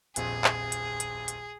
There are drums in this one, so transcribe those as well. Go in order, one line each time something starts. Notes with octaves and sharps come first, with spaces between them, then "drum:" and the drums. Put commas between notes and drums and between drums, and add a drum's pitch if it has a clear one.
D#1 A#1 F2 G#4, drum: hi-hat
drum: clap
drum: hi-hat
drum: hi-hat
drum: hi-hat